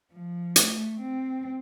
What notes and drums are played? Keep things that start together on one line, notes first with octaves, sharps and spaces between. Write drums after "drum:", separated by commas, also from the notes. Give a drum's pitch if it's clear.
F3
A3, drum: hi-hat
C4